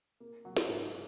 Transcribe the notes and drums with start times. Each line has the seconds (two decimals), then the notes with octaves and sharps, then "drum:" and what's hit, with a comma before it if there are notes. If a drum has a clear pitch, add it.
0.20 A#3
0.45 F#3
0.57 drum: snare
0.69 G#2